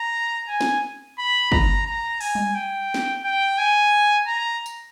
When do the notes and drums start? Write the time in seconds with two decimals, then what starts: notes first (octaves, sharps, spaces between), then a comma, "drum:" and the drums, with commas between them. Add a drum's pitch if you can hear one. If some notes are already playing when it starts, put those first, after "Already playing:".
Already playing: A#5
0.48 G#5
0.61 drum: snare C4
1.18 B5
1.52 A#5, drum: kick
1.87 A#5
2.21 G#5, drum: open hi-hat
2.35 drum: tom G3
2.55 G5
2.94 drum: snare C4
3.24 G5
3.58 G#5
4.27 A#5
4.66 drum: tambourine